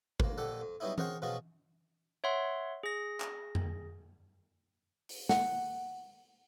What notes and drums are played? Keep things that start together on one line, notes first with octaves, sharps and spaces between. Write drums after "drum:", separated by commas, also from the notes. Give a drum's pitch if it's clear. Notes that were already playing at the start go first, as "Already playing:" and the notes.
D2 A#3, drum: kick G#1
F2 A#2 G4 A4 F#5
F2
F#3 G3 B3 C#4 D#4 E4
G#4 A#4 C5 C#5 F#5 G5, drum: tom E3
B2 F3 C#4 F4 F#4 G#4
C#5 E5 F#5 C6
G#4 A#6
drum: clap
drum: tom F2
drum: open hi-hat
F#5, drum: snare